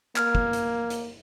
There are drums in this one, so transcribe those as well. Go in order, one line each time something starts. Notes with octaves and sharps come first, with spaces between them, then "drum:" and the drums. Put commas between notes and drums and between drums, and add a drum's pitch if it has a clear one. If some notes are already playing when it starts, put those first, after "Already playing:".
A#3 F6 G#6, drum: clap
drum: kick
drum: hi-hat
drum: hi-hat